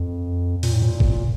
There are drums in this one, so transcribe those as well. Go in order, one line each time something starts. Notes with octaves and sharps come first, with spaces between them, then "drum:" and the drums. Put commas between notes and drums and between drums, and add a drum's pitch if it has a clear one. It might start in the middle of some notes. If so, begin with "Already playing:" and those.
Already playing: F2
A#2, drum: open hi-hat
A2
A#2
drum: kick G#1